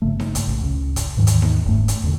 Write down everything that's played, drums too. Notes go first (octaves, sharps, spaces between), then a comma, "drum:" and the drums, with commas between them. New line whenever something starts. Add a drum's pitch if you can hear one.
G1 C#3 A3
drum: snare D#4
drum: kick, hi-hat
A1
C#2 C#3
drum: kick, hi-hat
D#2 G#2 D#3 E3
drum: hi-hat
drum: snare D#4
F#1 G#2 A3
drum: hi-hat
E2 A#2 D3